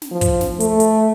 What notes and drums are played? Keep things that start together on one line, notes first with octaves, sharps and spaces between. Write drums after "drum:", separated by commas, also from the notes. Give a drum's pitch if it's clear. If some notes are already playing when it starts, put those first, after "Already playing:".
drum: snare
F3
drum: kick, hi-hat
drum: snare
A3, drum: hi-hat
drum: hi-hat